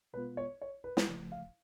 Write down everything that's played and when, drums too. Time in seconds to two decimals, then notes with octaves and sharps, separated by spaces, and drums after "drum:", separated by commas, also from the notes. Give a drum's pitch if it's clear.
0.13 B2 G#3 B3 F4 B4
0.37 C#5
0.61 C#5
0.84 B4
0.97 drum: snare
1.08 C#3 F3 A3
1.32 F5